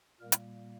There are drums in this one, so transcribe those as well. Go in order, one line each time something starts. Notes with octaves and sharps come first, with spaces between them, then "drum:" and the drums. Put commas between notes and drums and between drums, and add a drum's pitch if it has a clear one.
A#2 G3 A#3 A#4
drum: hi-hat